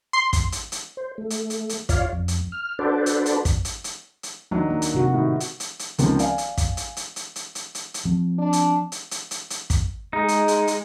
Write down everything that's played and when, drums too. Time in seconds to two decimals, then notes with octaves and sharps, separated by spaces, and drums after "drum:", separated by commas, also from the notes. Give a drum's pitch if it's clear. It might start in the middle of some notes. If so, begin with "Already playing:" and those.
0.13 C6
0.33 drum: kick, hi-hat
0.52 drum: hi-hat
0.72 drum: hi-hat
0.97 C5
1.18 A3
1.30 drum: hi-hat
1.50 drum: hi-hat
1.69 drum: hi-hat
1.89 F4 C#5 D5 F5, drum: kick, hi-hat
2.13 F2
2.28 drum: hi-hat
2.52 F6
2.79 D4 F#4 A4 B4 C5 D5
3.06 drum: hi-hat
3.26 drum: hi-hat
3.45 drum: kick, hi-hat
3.65 drum: hi-hat
3.84 drum: hi-hat
4.23 drum: hi-hat
4.51 D#2 F#3 D4 D#4
4.70 A#3
4.82 drum: hi-hat
4.95 C3 F#4
5.12 A2 D#3
5.40 drum: hi-hat
5.60 drum: hi-hat
5.79 drum: hi-hat
5.98 C#2 D#3 F3 A#3 C4 C#4, drum: hi-hat
6.19 D5 F5 G#5, drum: hi-hat
6.38 drum: hi-hat
6.57 drum: kick, hi-hat
6.77 drum: hi-hat
6.97 drum: hi-hat
7.16 drum: hi-hat
7.36 drum: hi-hat
7.55 drum: hi-hat
7.75 drum: hi-hat
7.94 drum: hi-hat
8.05 F3 C4
8.38 D4
8.53 drum: hi-hat
8.92 drum: hi-hat
9.11 drum: hi-hat
9.31 drum: hi-hat
9.50 drum: hi-hat
9.70 drum: kick, hi-hat
10.13 G#3 D#4
10.28 drum: hi-hat
10.48 drum: hi-hat
10.67 drum: hi-hat